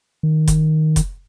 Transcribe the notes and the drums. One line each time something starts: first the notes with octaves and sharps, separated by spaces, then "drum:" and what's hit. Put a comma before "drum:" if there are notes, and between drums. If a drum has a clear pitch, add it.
D#3
drum: kick F1, hi-hat
drum: kick F1, hi-hat